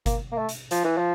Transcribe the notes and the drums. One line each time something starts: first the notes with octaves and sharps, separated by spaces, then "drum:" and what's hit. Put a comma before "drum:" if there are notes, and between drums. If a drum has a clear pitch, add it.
A#3, drum: kick G1, hi-hat
A#3
A3
drum: hi-hat
F3, drum: hi-hat
E3
F3